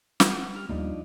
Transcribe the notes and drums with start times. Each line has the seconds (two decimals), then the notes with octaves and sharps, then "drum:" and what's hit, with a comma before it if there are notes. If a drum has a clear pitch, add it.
0.20 F#5, drum: snare
0.56 G3 F6
0.69 D#2 F3 G3 A#3 D4 D#4